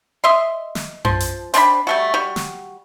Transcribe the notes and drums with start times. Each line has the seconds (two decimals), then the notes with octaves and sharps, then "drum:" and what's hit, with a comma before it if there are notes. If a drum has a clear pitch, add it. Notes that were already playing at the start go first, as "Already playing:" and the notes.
0.24 D#5 E5 C6
0.75 drum: snare
1.05 F3, drum: tom F#2
1.20 drum: hi-hat
1.54 C4 D4 D5 B5, drum: hi-hat
1.87 G3 A3 F#4
2.14 G3 F#4
2.36 drum: snare